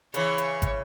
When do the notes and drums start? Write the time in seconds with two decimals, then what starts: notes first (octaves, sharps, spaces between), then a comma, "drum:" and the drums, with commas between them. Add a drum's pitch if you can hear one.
0.14 C#3 E3 C#5, drum: hi-hat
0.38 drum: hi-hat
0.62 drum: kick, hi-hat